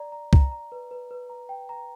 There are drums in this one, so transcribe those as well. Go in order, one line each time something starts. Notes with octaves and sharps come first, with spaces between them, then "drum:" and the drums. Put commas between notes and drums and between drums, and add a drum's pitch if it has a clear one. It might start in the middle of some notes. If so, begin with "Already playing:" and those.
Already playing: D5 A#5
A#5
A#5, drum: kick C2
A#5
B4
B4
B4
A#5
G5
A#5